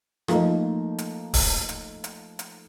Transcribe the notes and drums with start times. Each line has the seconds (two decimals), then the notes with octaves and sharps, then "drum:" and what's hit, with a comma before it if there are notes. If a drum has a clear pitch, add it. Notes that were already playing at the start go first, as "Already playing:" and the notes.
0.28 F3 A3 A#3 D#4, drum: rim click
0.98 drum: hi-hat
1.34 drum: kick, open hi-hat
1.69 drum: hi-hat
2.04 drum: hi-hat
2.39 drum: hi-hat